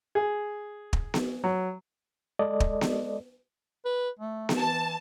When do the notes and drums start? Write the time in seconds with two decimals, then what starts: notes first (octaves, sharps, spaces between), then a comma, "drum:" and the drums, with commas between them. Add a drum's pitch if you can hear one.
0.15 G#4
0.93 drum: kick
1.14 drum: snare B3
1.44 F#3
2.39 G#3 A4 D5 D#5
2.60 drum: kick
2.81 drum: snare B3
3.85 B4
4.19 A3
4.49 drum: snare B3
4.58 E3 A5